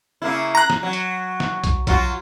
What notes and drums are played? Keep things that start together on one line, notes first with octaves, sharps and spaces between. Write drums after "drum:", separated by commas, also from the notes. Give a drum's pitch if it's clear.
C#3 A#3 E4
A#5 F#6
drum: snare
F#3
drum: hi-hat
drum: snare
drum: kick B1, hi-hat
F#3 F4 F#4, drum: kick B1, hi-hat